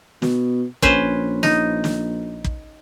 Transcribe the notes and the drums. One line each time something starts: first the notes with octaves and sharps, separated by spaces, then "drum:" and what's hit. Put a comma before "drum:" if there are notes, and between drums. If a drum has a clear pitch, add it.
B2, drum: snare
A#1 C#4 B4 C5, drum: kick
D#4, drum: snare
drum: snare
drum: kick